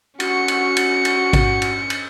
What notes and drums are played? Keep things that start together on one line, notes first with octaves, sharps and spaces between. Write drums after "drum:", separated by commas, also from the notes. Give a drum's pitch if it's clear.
C#4 F#4 C#7, drum: cymbal
drum: cymbal
drum: cymbal
drum: cymbal
drum: kick G#1, cymbal
drum: cymbal
drum: cymbal